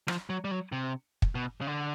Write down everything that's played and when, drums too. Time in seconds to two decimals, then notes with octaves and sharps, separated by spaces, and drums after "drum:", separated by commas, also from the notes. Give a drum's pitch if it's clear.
0.08 F3, drum: rim click
0.30 F#3
0.45 G3
0.51 F#3
0.72 C3
1.22 drum: kick
1.35 B2
1.61 C#3
1.67 D3